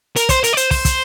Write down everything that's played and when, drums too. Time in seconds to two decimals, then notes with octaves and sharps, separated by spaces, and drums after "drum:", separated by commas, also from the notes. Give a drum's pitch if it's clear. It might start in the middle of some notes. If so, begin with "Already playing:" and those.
0.16 A#4, drum: hi-hat
0.29 C5, drum: kick, hi-hat
0.44 A#4, drum: hi-hat
0.53 D5
0.57 C5, drum: hi-hat
0.71 C5, drum: kick, open hi-hat
0.85 drum: kick, hi-hat